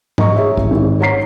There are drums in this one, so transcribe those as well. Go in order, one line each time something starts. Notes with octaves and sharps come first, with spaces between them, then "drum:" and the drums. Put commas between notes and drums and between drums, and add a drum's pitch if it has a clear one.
D#5 A#5 C#6, drum: tom G#2
G#4 C#5 E5
A1, drum: kick
G#1
C#5 A#5 C7